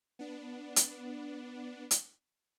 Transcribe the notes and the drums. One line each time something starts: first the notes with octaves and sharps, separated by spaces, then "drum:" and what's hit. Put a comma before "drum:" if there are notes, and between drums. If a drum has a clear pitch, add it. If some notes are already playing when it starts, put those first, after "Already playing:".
B3 D4
drum: hi-hat
drum: hi-hat